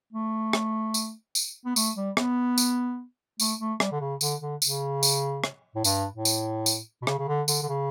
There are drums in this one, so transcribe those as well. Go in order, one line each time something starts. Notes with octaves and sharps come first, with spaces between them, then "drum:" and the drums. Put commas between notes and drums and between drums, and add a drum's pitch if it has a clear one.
A3
drum: rim click
drum: tambourine
drum: tambourine
B3
A3, drum: tambourine
G3
B3, drum: rim click
drum: tambourine
A3, drum: tambourine
A3
G3, drum: rim click
D3
C#3
D3, drum: tambourine
D3
C#3, drum: tambourine
drum: tambourine
drum: rim click
A2
G2, drum: tambourine
A2
drum: tambourine
drum: tambourine
B2
C#3, drum: rim click
C#3
D3
D3, drum: tambourine
D3
C#3